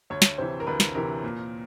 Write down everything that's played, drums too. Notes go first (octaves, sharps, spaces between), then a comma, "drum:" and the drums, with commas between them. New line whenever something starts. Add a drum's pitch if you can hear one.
D2 C#5
drum: snare
C3 E3 C5
A#4
D2 B4
drum: snare
C3 E3 A#4
A#2